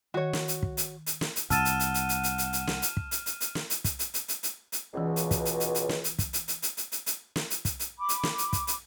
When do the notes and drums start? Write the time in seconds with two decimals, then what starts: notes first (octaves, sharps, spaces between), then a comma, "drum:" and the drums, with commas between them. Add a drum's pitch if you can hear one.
0.14 D#3 F#4 C#5
0.33 drum: snare
0.48 drum: hi-hat
0.63 drum: kick
0.77 drum: hi-hat
1.06 drum: hi-hat
1.21 drum: snare
1.36 drum: hi-hat
1.50 C2 F#5 A5 E6 F6 A6 D#7 E7, drum: kick, hi-hat
1.65 drum: hi-hat
1.80 drum: hi-hat
1.94 drum: hi-hat
2.09 drum: hi-hat
2.24 drum: hi-hat
2.38 drum: hi-hat
2.53 drum: hi-hat
2.67 drum: snare
2.82 drum: hi-hat
2.97 drum: kick
3.11 drum: hi-hat
3.26 drum: hi-hat
3.41 drum: hi-hat
3.55 drum: snare
3.70 drum: hi-hat
3.84 drum: kick, hi-hat
3.99 drum: hi-hat
4.14 drum: hi-hat
4.28 drum: hi-hat
4.43 drum: hi-hat
4.72 drum: hi-hat
4.94 C#2 B2 E3 C#4
5.16 drum: hi-hat
5.31 drum: kick, hi-hat
5.45 drum: hi-hat
5.60 drum: hi-hat
5.75 drum: hi-hat
5.89 drum: snare
6.04 drum: hi-hat
6.19 drum: kick, hi-hat
6.33 drum: hi-hat
6.48 drum: hi-hat
6.62 drum: hi-hat
6.77 drum: hi-hat
6.92 drum: hi-hat
7.06 drum: hi-hat
7.36 drum: snare
7.50 drum: hi-hat
7.65 drum: kick, hi-hat
7.80 drum: hi-hat
7.98 B5 D6
8.09 drum: hi-hat
8.23 drum: snare
8.38 drum: hi-hat
8.53 drum: kick, hi-hat
8.67 drum: hi-hat